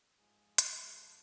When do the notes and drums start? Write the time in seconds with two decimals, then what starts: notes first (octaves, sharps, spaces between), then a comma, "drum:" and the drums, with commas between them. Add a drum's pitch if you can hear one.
0.18 G#2 F3 G#3 G#4
0.58 drum: hi-hat
0.86 G#4
0.96 A4